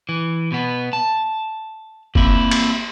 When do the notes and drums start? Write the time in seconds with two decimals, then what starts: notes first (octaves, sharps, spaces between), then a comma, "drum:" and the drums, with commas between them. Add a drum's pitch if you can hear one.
0.09 E3
0.52 B2 B3
0.93 A5
2.15 A#3 C4 E4 E5, drum: kick F#1
2.51 drum: cymbal